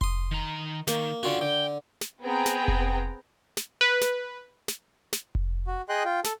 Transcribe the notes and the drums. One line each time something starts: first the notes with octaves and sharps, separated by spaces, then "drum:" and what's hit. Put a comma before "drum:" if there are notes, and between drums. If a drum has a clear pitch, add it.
C6 D#6, drum: kick F1
D#3 A#5
D#3 A#3, drum: snare
D3 C#4 F4 F#4 G5
D3 G5
drum: snare
B3 C4 G#4 G5 A#5
drum: snare
drum: kick F1
drum: snare
B4
drum: snare
drum: snare
drum: snare
drum: kick F1
F#4
G#4 D#5 G5 C6 F#6
F4 G5
A4, drum: snare